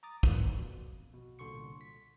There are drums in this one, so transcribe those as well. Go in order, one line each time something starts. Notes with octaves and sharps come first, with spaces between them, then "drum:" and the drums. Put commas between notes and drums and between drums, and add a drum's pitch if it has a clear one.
A#5 D6 D#6 A6
E3 A#3 B3 F4 B4 D5, drum: kick
A#1 F2 B2
B2
C2 A#2 D3 C6 C#6 C#7
B6